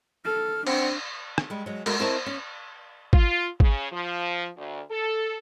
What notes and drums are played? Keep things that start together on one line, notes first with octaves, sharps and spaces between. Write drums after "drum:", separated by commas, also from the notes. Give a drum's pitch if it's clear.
A4 F6
C4 D4 F#5, drum: cymbal
drum: rim click
G3 G#3
F#3 G#3
G#3 A3 F#4 A#4, drum: cymbal
C4 E4 A#4 C#5 D#5 A5
C#4
F4, drum: kick G#1
C#3, drum: kick G#1
F3
D2
A4